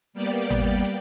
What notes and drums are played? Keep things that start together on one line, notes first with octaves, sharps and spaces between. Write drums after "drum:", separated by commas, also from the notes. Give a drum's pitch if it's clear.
G3 A#3 B3 G4 D5
drum: tom G#1